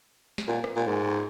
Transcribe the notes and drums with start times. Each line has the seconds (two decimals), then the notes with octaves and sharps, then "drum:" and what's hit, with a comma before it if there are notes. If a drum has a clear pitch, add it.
0.38 drum: snare
0.48 A#2
0.64 drum: rim click
0.76 A#2
0.87 G#2